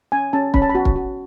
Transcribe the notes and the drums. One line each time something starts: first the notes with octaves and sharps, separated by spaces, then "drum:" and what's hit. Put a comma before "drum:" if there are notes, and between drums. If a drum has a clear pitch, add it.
C#4 G#5
C#4 A5
C#4 B5, drum: kick
A5
B5
F#4
drum: kick
F#4